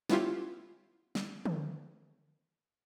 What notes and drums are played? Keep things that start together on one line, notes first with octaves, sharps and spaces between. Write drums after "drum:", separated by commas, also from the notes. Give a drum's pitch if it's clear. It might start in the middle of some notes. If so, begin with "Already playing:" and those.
B3 C#4 E4 F4 G4, drum: snare
drum: snare
drum: tom D3